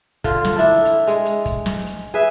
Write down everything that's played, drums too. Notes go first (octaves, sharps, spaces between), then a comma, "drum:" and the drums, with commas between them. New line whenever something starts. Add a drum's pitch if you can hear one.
D3 F4, drum: kick, hi-hat
drum: snare
D4 E4 A4
drum: hi-hat
G#3, drum: hi-hat
drum: hi-hat
drum: kick, hi-hat
drum: snare
drum: hi-hat
G#4 B4 E5